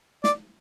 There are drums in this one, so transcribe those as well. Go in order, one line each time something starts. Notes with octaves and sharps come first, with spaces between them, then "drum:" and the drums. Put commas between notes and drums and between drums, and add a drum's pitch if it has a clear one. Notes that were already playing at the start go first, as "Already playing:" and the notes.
D5, drum: snare